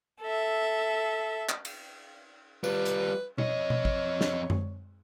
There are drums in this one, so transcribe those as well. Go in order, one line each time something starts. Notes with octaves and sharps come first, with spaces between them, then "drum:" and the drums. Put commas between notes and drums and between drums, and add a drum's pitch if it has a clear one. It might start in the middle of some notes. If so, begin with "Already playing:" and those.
A4 E5
drum: clap
drum: cymbal
G3 F4 B4, drum: tambourine
drum: hi-hat
F2 C#5 D#5, drum: tom B2
drum: tom B2
drum: kick
drum: snare
drum: tom F#2